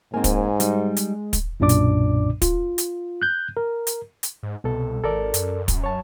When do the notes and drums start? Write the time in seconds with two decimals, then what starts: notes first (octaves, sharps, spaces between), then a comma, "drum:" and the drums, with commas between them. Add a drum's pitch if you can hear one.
0.14 G#2 A#3 C4 G#5
0.24 drum: kick, hi-hat
0.60 G3 G#3 D#4, drum: hi-hat
0.97 drum: hi-hat
1.33 drum: kick, hi-hat
1.60 B1 F#2 A#2 D4 D5 D6
1.69 drum: hi-hat
2.42 F4, drum: kick, hi-hat
2.78 drum: hi-hat
3.22 F#6 G6
3.57 A#4
3.87 drum: hi-hat
4.23 drum: hi-hat
4.43 G#2
4.64 C2 B2 A4
5.04 G#1 A4 A#4 D5
5.34 F#2, drum: hi-hat
5.68 drum: kick, hi-hat
5.84 C#5 A5